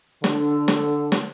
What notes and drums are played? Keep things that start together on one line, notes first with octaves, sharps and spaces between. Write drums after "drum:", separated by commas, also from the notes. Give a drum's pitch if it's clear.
D3, drum: snare
drum: snare
drum: snare